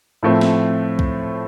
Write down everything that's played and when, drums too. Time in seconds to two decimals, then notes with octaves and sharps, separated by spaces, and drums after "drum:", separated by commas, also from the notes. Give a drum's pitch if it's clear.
0.23 A2 F3 A3 C4
0.41 drum: snare
0.99 drum: kick C2